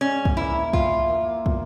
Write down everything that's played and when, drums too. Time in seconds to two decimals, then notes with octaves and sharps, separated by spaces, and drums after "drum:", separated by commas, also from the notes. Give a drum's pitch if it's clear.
0.01 G#2 C#4
0.25 drum: kick
0.37 E3 A#3 E4
0.73 E3 F4, drum: kick
1.09 A#3 E4
1.46 A#2, drum: kick